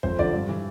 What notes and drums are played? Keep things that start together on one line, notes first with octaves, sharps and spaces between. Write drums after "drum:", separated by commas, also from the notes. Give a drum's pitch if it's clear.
F2 C5, drum: kick
D3 F3 D5, drum: kick
G2
E3